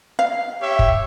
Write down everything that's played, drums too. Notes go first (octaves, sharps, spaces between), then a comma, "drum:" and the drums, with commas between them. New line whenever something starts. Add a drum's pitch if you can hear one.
F5
G4 C#5 E5
drum: kick